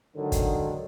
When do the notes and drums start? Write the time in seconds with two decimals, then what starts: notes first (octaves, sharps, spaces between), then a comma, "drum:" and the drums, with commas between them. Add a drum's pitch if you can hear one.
0.16 G#2 D3 D#3 F#3
0.32 drum: kick, hi-hat